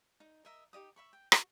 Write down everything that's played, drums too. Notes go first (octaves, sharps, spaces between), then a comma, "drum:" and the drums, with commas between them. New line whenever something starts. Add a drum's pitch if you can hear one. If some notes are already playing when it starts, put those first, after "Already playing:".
D#4
A#4 D#5 E5 A#5
D#4 G4 D#5 D#6
E5 B5 C#6
G5
F#4, drum: rim click